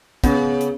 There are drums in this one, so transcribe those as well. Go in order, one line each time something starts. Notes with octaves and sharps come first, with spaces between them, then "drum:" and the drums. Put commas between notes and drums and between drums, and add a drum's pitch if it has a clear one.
C#3 B3, drum: kick, hi-hat
drum: hi-hat